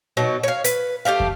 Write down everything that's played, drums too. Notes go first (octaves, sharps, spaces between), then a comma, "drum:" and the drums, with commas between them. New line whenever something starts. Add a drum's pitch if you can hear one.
B2 F#3 D#4
C#5 F5
B4, drum: hi-hat
A3 G4 E5 F5
drum: kick